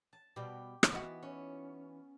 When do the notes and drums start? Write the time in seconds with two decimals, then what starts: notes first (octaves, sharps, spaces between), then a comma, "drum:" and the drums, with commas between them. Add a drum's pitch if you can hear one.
0.13 A5
0.36 B2 G3 G4
0.83 drum: rim click
0.92 E3 B3 D#4 F#4
1.23 C#4